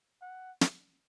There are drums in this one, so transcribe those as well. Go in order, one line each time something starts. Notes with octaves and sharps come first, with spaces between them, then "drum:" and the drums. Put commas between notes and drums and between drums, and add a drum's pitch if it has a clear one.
F#5
drum: snare